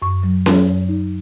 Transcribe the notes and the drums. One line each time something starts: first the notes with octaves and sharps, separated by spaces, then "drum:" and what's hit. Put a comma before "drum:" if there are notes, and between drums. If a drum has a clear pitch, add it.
F#2 C#6
F#3
F#3, drum: snare C#4
F#2
D#4